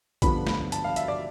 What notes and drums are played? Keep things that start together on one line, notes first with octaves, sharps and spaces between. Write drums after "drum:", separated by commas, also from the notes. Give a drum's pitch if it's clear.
G2 D3 F3 B3 D4 B5, drum: kick A#1, hi-hat
B5, drum: snare
A5, drum: hi-hat
F5
E5, drum: hi-hat
D5